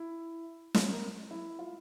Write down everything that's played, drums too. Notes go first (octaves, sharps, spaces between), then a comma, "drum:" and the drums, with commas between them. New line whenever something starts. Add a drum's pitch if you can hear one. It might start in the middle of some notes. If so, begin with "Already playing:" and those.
Already playing: E4
C4, drum: snare
A#3
E4
F4